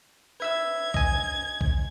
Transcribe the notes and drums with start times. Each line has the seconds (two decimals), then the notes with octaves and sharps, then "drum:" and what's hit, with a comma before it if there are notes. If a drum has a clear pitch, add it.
0.40 B4 E5 E6 G#6
0.94 D#5 G#5, drum: kick B1
1.61 drum: kick B1